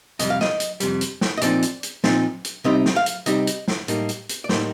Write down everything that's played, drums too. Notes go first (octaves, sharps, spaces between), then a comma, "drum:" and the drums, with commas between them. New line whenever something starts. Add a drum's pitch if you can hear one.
F2 C3 G3 D#5, drum: hi-hat
F5
D#5, drum: snare
drum: hi-hat
F2 C3 G3, drum: hi-hat
drum: hi-hat
drum: snare
D#5
A#2 F3 C4 D#4 D5, drum: hi-hat
drum: hi-hat
drum: hi-hat
A#2 F3 C4 D#4, drum: snare
drum: hi-hat
C3 G3 C4 D#4 D#5
drum: snare
F5
drum: hi-hat
C3 G3 C4 D#4 D#5, drum: hi-hat
drum: hi-hat
drum: snare
A2 G3 A#3 D#4, drum: hi-hat
drum: hi-hat
drum: hi-hat
D5
A2 G3 A#3 D#4 C5, drum: snare